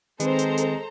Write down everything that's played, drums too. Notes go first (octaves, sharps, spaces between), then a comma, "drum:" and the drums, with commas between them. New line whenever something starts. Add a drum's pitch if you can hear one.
D#3 G#3 C4 A4 B4 C5 A#5, drum: hi-hat
drum: hi-hat
drum: hi-hat